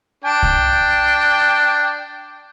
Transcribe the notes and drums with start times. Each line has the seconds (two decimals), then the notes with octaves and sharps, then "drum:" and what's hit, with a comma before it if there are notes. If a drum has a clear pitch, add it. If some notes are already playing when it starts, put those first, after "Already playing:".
0.25 D4 G5
0.43 drum: kick C2